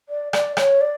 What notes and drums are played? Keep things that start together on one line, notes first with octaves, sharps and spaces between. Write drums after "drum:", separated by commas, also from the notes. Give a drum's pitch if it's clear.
D5
D5, drum: rim click
C#5, drum: rim click
D5